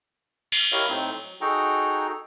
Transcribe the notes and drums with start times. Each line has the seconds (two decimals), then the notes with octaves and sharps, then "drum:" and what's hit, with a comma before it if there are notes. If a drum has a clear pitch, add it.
0.52 drum: cymbal
0.72 E4 G4 A#4 C#5 D#5 F5
0.89 A2 A3 C4 D#4
1.15 F#3
1.41 D#4 F#4 G#4 A4 G5 A#5